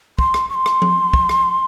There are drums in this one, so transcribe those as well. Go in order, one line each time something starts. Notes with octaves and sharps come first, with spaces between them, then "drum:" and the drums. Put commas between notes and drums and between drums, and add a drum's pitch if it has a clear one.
C6, drum: kick
drum: rim click
C#6
C6
drum: rim click
drum: tom F3
drum: kick
drum: rim click